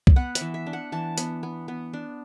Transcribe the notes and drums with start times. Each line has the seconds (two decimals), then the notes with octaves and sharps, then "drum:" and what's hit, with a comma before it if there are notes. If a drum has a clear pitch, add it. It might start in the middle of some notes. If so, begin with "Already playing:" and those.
0.07 drum: kick C2
0.16 B3 F#5
0.35 E5, drum: hi-hat
0.41 E3
0.54 E5
0.67 D4
0.73 F#5
0.92 E3 A5
1.18 B3, drum: hi-hat
1.43 B3
1.68 B3
1.93 D4